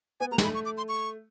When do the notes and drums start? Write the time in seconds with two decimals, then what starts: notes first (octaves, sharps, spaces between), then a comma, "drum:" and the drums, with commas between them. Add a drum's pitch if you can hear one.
0.20 B3 G#5
0.31 A#3 A#5
0.38 G#3, drum: snare
0.43 A3 B5
0.55 C#6
0.65 D6
0.77 C6
0.89 C#6